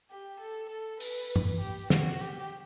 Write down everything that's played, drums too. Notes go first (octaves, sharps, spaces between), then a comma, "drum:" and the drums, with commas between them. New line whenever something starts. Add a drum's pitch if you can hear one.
G4
A4
A4
B4, drum: open hi-hat
drum: tom G2
G4
F#4, drum: snare
G4